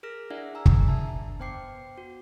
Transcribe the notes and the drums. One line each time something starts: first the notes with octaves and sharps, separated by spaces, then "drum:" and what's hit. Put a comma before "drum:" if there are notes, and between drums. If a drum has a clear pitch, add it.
G#4 A#4 F6 A#6
D4 E4 G#4 D5 E5 F#5
G#5 A#5 E6
drum: kick
D4 E5 A5
B3 C5 G5 D6 C7 C#7
F#4